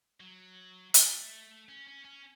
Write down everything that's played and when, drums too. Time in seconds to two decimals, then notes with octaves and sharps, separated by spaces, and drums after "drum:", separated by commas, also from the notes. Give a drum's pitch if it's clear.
0.20 F#3
0.94 A3, drum: hi-hat
1.69 C#4
1.88 C#4
2.05 C#4